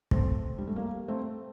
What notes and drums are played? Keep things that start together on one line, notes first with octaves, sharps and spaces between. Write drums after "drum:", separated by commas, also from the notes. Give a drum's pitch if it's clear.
A3 C4, drum: kick
G3
A3
G3 A#3
A3 C4